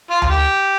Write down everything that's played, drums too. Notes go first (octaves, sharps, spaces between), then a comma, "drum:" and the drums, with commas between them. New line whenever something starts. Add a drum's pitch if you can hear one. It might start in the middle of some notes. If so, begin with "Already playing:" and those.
F4
F4, drum: tom D2
G4